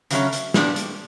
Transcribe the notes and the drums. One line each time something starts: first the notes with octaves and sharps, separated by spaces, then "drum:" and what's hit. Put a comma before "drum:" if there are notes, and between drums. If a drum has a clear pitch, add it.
C#3 F#3 A3 C#4, drum: hi-hat
drum: hi-hat
A#2 G3 B3 D4, drum: snare
drum: hi-hat